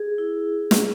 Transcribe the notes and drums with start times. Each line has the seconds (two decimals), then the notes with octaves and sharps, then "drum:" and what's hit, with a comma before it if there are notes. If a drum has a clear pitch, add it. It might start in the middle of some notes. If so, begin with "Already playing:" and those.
Already playing: G#4
0.18 E4
0.71 drum: snare